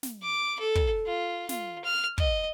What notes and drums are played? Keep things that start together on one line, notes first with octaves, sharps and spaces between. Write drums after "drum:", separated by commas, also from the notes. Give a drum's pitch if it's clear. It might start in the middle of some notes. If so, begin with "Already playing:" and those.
drum: snare
D6
A4
drum: kick
F4
F4, drum: snare
F6
D#5, drum: kick